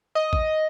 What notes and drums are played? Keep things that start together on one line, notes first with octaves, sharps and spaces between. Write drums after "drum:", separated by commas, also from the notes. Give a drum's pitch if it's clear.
D#5
drum: kick A1